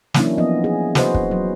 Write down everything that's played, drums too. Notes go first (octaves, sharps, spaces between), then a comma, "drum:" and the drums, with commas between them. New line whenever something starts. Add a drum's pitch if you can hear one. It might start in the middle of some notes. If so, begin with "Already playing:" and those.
E3 F#3 A#3 C#4 D4 E4, drum: snare
F3 B3 D#5
G#4
F#4 B4 C5 D#5, drum: snare
drum: kick
F#3